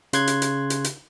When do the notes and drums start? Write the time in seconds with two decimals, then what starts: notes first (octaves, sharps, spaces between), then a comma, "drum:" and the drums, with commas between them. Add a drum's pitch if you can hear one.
0.13 C#3 C6 F#6 G#6, drum: hi-hat
0.27 drum: hi-hat
0.42 drum: hi-hat
0.70 drum: hi-hat
0.84 drum: hi-hat